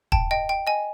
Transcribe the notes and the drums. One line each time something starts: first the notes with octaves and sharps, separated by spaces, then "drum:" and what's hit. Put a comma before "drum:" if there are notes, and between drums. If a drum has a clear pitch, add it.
G5 A5, drum: kick
D#5 G5
G5
D#5 G#5